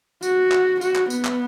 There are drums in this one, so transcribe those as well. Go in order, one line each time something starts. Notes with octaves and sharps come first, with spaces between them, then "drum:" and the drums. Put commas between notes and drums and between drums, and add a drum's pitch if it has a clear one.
F#4, drum: tambourine
drum: clap
F#4, drum: tambourine
drum: clap
B3, drum: tambourine
drum: clap